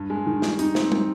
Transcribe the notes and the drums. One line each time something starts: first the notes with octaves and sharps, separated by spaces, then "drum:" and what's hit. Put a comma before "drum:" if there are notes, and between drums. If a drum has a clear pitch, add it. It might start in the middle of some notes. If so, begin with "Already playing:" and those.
Already playing: G2
G#3
D#3
G3, drum: snare
D#4, drum: hi-hat
C4, drum: snare
drum: tom